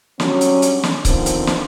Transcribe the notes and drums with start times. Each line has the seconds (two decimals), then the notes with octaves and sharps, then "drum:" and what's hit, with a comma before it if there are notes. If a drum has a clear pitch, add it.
0.20 D3 F#3 G3 C#4, drum: snare
0.41 drum: hi-hat
0.62 drum: hi-hat
0.83 drum: snare
1.05 D3 D#3 F3 B3 C4, drum: kick C#1, hi-hat
1.26 drum: hi-hat
1.47 drum: snare